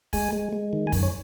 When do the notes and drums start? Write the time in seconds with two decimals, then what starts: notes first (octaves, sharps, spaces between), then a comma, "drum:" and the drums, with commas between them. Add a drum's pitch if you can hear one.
0.13 G#3 G#5, drum: kick, open hi-hat
0.33 G#3
0.53 G#3
0.73 D#3
0.87 G#5
0.92 F#2, drum: kick, open hi-hat
1.03 C#5